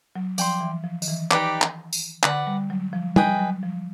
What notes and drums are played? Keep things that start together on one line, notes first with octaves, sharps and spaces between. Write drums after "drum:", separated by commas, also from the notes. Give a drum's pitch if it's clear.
F#3
F3 D5 G5 C6, drum: tambourine
E3
F3
D#3, drum: tambourine
E3
D#4 G4 B4 D5, drum: clap
drum: clap
drum: tambourine
D3 B4 D5 F#5, drum: clap
G3
F#3
F3
G3 G#4 B4 D#5 G5, drum: tom
F#3
F3